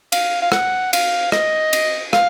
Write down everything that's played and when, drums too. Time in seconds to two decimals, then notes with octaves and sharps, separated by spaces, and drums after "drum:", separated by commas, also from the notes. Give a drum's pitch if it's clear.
0.12 F5, drum: cymbal
0.42 F5
0.52 F#5, drum: rim click
0.93 F5, drum: cymbal
1.32 D#5, drum: rim click
1.73 drum: cymbal
2.13 F5, drum: rim click